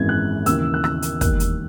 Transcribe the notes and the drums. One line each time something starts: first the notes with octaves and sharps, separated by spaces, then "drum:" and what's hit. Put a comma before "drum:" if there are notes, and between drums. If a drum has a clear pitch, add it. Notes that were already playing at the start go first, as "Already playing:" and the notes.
Already playing: G#1 F#2 E3 G#3 B3 G#6
F#6
D#2 C#3 E3 E6, drum: hi-hat
F#6
E6, drum: rim click
drum: hi-hat
E1 D#2 D#3 F#6, drum: kick, hi-hat
drum: hi-hat